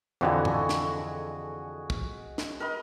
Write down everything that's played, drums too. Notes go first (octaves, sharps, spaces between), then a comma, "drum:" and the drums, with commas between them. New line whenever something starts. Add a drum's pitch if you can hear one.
F2 D3 E3 F#4 G#4 D#5
drum: tom G#2
drum: snare
drum: kick
drum: snare
A#4 B4 D#5